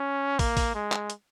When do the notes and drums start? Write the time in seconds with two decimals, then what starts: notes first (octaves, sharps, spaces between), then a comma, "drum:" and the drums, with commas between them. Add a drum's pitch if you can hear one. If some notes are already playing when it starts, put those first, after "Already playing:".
Already playing: C#4
0.39 A#3, drum: kick, open hi-hat
0.57 drum: kick, open hi-hat
0.74 G#3
0.92 drum: clap
1.10 drum: hi-hat